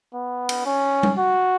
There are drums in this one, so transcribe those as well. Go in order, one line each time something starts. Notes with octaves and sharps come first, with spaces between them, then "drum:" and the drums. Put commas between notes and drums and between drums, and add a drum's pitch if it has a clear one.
B3
drum: cymbal
C#4
drum: tom G3
F#4